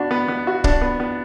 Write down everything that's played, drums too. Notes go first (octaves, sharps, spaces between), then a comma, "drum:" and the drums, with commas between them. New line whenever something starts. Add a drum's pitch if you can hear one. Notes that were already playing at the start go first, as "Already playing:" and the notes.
Already playing: B3 D4 F#4
B3
B3
F#4
D4, drum: kick
B3
B3